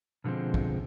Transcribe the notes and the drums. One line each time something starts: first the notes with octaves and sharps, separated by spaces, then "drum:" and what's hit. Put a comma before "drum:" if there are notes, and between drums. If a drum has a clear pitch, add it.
B2 D3 F3 G#3 C4
drum: kick